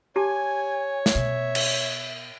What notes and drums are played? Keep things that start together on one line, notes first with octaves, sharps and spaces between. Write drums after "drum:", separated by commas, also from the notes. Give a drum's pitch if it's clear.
G4 C#5 G#5 A5 D6
drum: snare
B2 E5
drum: cymbal